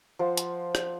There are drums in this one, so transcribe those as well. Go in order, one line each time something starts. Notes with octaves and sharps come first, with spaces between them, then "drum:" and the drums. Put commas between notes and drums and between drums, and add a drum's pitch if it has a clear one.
F3 C5 F#5
drum: hi-hat
drum: rim click